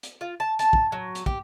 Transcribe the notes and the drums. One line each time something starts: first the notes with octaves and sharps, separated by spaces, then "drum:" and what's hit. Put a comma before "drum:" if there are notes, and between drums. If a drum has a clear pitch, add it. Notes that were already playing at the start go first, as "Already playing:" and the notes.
drum: hi-hat
F4
A5
A5, drum: hi-hat
drum: kick
F#3
drum: hi-hat
G4, drum: kick